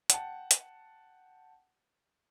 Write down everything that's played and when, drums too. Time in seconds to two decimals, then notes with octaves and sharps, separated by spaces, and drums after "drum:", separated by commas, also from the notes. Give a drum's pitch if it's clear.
0.10 F#5 G5 A5, drum: hi-hat
0.51 drum: hi-hat